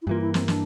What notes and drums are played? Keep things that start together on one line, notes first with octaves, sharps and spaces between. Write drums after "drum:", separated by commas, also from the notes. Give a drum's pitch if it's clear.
E4
G2 E3 A#3 F4
E4
C4, drum: snare
D4, drum: snare